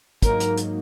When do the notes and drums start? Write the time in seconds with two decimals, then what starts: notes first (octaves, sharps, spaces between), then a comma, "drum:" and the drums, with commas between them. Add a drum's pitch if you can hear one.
0.22 G#2 F#3 A#3 D#4 A#4, drum: kick, hi-hat
0.40 drum: hi-hat
0.57 drum: hi-hat